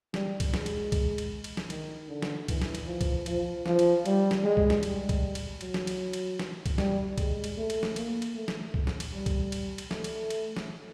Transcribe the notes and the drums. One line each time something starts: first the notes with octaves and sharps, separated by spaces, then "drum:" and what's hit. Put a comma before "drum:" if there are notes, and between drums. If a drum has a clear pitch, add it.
G3, drum: snare
drum: kick, cymbal
G#3, drum: snare
drum: cymbal
drum: kick, cymbal
drum: cymbal
drum: cymbal
drum: snare
D#3, drum: cymbal
D3
drum: snare
E3, drum: kick, cymbal
drum: snare
drum: cymbal
F3
drum: kick, cymbal
F3, drum: cymbal
F3, drum: snare
drum: cymbal
G3, drum: cymbal
drum: snare
G#3
drum: kick
drum: snare
G3, drum: cymbal
drum: kick, cymbal
drum: cymbal
F#3, drum: cymbal
drum: snare
drum: cymbal
drum: cymbal
drum: snare
drum: kick, cymbal
G3, drum: snare
G#3, drum: kick, cymbal
drum: cymbal
A3
drum: cymbal
drum: snare
A#3, drum: cymbal
drum: cymbal
A3
drum: snare
drum: kick
drum: snare
drum: cymbal
G3
drum: kick, cymbal
drum: cymbal
drum: cymbal
A3, drum: snare
drum: cymbal
drum: cymbal
drum: snare